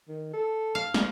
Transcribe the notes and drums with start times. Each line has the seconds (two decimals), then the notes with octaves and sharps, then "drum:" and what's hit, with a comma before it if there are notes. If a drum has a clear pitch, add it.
0.08 D#3
0.33 A4
0.75 F5
0.94 drum: snare